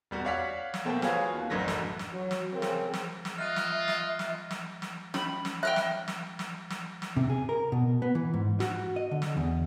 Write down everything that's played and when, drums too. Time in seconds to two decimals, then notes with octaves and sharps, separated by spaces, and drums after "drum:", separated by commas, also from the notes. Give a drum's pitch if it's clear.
0.11 E1 G3 F#4
0.25 C#5 D5 F5 F#5 F6 B6
0.74 drum: snare
0.85 B2 A3 A#3 C5 G5
1.02 F4 F#4 G#4 B4 C#5 F5, drum: snare
1.33 D#2
1.50 D1 A1 F#2 D3 F#3 A#6
1.68 drum: snare
1.99 drum: snare
2.12 F#3
2.31 drum: snare
2.53 C#3 C4 G#4 A#4
2.62 drum: snare
2.93 drum: snare
3.25 drum: snare
3.38 F4 D#5 E5 F6 F#6 D#7
3.56 drum: snare
3.88 drum: snare
4.19 drum: snare
4.51 drum: snare
4.82 drum: snare
5.14 C#4 B5, drum: snare
5.45 drum: snare
5.63 E5 G5 F6 F#6
5.76 drum: snare
6.08 drum: snare
6.39 drum: snare
6.70 drum: snare
7.02 drum: snare
7.17 C3
7.30 G#4
7.49 A#4
7.72 B2
8.02 B3
8.15 E3
8.34 G#2
8.60 F#4, drum: snare
8.96 D#5
9.11 D3
9.22 drum: snare
9.37 E2